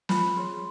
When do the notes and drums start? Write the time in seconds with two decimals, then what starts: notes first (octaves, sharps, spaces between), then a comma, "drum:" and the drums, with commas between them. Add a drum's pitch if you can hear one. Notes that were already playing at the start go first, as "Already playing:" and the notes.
0.09 F4 B5, drum: snare
0.36 G#4 C#5 C6